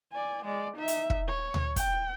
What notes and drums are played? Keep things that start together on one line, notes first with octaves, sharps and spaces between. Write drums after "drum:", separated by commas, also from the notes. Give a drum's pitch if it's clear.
D5 G#5
G#3 D5
D#4 E5
drum: hi-hat
drum: kick
C#5
drum: tom D2
G5, drum: kick, hi-hat